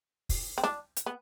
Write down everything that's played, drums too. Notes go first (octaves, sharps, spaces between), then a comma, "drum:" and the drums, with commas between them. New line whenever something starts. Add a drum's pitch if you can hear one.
drum: kick, open hi-hat
C4
D4, drum: snare
drum: hi-hat
B3